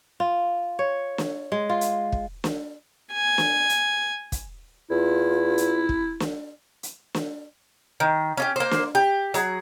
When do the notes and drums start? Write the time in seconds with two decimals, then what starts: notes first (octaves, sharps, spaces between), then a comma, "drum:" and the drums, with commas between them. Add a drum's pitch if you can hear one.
0.20 F4
0.79 C#5
1.18 drum: snare
1.52 G#3
1.70 F4
1.81 drum: hi-hat
2.12 drum: kick
2.44 drum: snare
3.13 G#5
3.38 drum: snare
3.69 drum: hi-hat
4.32 drum: kick, hi-hat
4.90 E2 E4 F4
5.58 drum: hi-hat
5.89 drum: kick
6.20 drum: snare
6.83 drum: hi-hat
7.14 drum: snare
8.00 D#3
8.37 C#4 F4 G4
8.56 A#3 C5
8.71 drum: snare
8.95 G4
9.34 F#3 G#4, drum: hi-hat